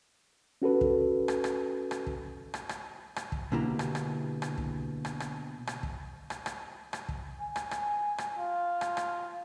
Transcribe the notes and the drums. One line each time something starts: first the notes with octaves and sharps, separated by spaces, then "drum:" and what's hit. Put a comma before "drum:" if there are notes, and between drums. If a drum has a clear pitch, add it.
C#4 F#4 A4 B4
drum: kick
drum: rim click
drum: rim click
drum: rim click
drum: kick
drum: rim click
drum: rim click
drum: rim click
drum: kick
B2 D3 A#3 E4 G4 A#5
drum: rim click
drum: rim click
drum: rim click
drum: kick
drum: rim click
drum: rim click
drum: rim click
drum: kick
drum: rim click
drum: rim click
drum: rim click
drum: kick
G#5
drum: rim click
drum: rim click
drum: rim click
F4
drum: rim click
drum: rim click